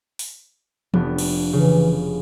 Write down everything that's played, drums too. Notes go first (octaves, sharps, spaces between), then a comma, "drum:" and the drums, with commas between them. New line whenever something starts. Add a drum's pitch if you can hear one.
drum: open hi-hat
F1 B3 D4, drum: tom E3
drum: cymbal
C#3 E3